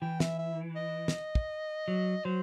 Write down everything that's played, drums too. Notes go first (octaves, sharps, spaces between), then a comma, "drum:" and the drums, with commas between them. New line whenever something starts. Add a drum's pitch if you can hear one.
E3 G5
E5, drum: snare
E5
D#5
drum: snare
drum: kick
F#3
F#3 C5